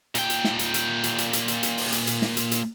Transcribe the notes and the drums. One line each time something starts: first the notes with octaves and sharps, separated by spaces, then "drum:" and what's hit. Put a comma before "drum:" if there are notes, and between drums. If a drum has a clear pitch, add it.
A#2 G5, drum: hi-hat
drum: hi-hat
drum: snare
drum: hi-hat
drum: hi-hat
drum: hi-hat
drum: hi-hat
drum: hi-hat
drum: hi-hat
drum: hi-hat
drum: open hi-hat
drum: hi-hat
drum: hi-hat
drum: snare
drum: hi-hat
drum: hi-hat